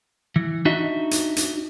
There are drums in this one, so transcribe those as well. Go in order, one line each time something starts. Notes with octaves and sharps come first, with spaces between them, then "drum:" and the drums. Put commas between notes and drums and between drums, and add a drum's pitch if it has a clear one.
E3
D4 D#4 F#4 D#5 E5
drum: hi-hat
drum: hi-hat